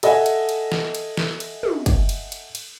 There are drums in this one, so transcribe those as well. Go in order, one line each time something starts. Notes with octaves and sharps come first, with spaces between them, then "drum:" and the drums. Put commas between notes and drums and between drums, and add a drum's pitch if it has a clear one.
A4 D#5 E5 F#5 G#5, drum: cymbal
drum: cymbal
drum: cymbal
drum: snare
drum: cymbal
drum: snare
drum: cymbal
drum: tom
drum: kick, cymbal
drum: cymbal
drum: cymbal
drum: cymbal